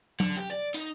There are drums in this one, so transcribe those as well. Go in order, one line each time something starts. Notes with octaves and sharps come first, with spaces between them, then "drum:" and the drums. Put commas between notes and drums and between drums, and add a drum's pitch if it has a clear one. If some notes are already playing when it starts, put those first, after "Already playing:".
D3, drum: tom F#3
G4
D5
D#4, drum: hi-hat